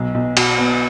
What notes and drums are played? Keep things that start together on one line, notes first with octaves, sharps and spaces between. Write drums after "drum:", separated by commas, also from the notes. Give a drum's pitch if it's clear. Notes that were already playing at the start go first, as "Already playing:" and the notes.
Already playing: B1 F#3
B1
F#4, drum: cymbal
B3